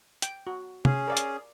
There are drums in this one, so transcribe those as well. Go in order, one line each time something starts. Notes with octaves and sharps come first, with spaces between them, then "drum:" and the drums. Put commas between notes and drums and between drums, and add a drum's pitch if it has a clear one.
G5, drum: hi-hat
F#4
C#4 G#4 F5, drum: tom
A#4 D5 F5
drum: hi-hat